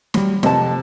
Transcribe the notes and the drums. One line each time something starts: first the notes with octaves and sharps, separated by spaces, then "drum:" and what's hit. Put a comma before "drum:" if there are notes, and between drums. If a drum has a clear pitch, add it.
F#3 G3, drum: snare
F2 C3 A5, drum: snare